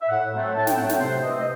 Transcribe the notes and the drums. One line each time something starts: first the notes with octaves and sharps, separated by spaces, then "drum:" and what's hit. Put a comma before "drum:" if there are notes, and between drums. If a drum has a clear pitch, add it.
E5
A2 F#5
F#3 A3 C4
A2 A5
G5, drum: snare
F#3 A3 C4 F#5
G5, drum: snare
C3 C5
E3 A3 C4 D#5
D#5